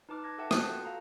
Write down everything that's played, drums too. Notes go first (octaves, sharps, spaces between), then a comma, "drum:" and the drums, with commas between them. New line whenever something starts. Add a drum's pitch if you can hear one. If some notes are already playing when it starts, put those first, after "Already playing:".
D#4 B4 A5 D6 F6
A5 G#6 A#6
A4 B4 E5 F#5 G5 A5
D#6 F#6 G6 C7, drum: rim click
F4 F#4 F#5 A5
A4 F5 A#5